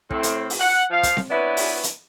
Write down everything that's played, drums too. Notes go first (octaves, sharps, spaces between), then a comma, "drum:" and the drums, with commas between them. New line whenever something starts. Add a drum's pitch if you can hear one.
A2 C4, drum: kick
drum: hi-hat
drum: open hi-hat
F#5
F3 F5
drum: kick, hi-hat
drum: snare C4
B3 D4 E4 B4 C#5
drum: open hi-hat
drum: hi-hat